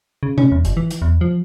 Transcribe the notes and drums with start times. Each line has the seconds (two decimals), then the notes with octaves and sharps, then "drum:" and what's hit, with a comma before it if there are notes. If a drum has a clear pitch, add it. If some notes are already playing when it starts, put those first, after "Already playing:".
0.23 C#3
0.38 C#4, drum: tom C3
0.52 E2
0.65 G1, drum: hi-hat
0.77 E3
0.91 drum: hi-hat
1.02 E2
1.21 F3